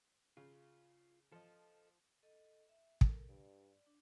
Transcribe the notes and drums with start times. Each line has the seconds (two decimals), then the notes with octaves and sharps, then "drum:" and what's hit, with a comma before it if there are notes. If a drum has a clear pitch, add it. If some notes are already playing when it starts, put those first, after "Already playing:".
0.37 C#3 F4
1.32 F3 A4 D#5
2.23 A4 D#5
2.69 E5
3.01 A4 A#4, drum: kick
3.29 G2 D5
3.86 D4